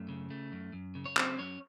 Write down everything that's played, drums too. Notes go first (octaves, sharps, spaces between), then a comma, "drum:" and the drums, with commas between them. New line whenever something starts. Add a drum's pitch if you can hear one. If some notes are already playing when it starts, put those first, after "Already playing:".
Already playing: F#2 A3
C#3
A3
F#2
F#2
C#3
C#5
F#3 C4 C5, drum: clap
F#2 C#4 C#5